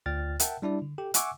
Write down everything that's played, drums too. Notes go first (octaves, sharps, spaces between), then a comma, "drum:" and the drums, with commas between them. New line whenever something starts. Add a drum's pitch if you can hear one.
D2 F4 D5 G5 F6 A6
A#4 E5 F#5 G5 A5, drum: hi-hat
G3 D4 E4 D5
D3
G4 A4 G5
E5 F#5 G#5 C#6 D6 E6, drum: hi-hat